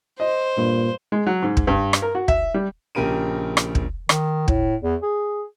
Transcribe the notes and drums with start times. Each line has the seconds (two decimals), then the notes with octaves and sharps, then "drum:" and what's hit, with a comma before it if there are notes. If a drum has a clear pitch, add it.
0.20 C5 D#5
0.57 G2 A#2
1.12 G#3
1.26 F#3
1.42 G#2
1.57 drum: kick
1.67 G2
1.93 drum: rim click
2.02 A#4
2.15 F#4
2.28 E5, drum: kick
2.54 G3
2.95 A#1 C#3 G4 A#4 D7 D#7
3.57 drum: rim click
3.75 drum: kick
4.09 D#3, drum: rim click
4.48 A2, drum: kick
4.82 E2
5.02 G#4